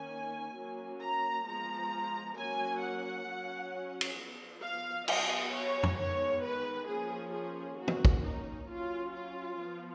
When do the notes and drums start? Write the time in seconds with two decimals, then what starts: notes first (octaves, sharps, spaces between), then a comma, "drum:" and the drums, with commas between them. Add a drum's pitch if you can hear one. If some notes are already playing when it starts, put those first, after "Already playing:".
Already playing: D#3 A#3 C#4 G#5
0.56 F#3 A#3 C#4
1.01 A#5
1.46 F3 G#3 B3 A#5
2.37 F#3 A#3 C#4 G#5
2.82 F#5
3.27 F#3 C#4
4.01 drum: cymbal
4.17 F3 B3
4.62 F5
5.08 F#3 B3 D#5, drum: cymbal
5.53 C#5
5.83 drum: tom
5.98 D#3 G#3 B3 C#5
6.43 B4
6.88 F3 A#3 C#4 G#4
7.34 G#4
7.78 D#3 A#3 C#4 F#4
7.88 drum: tom
8.05 drum: kick
8.24 D#4
8.69 F#3 C#4 F4
9.13 F4
9.59 F3 B3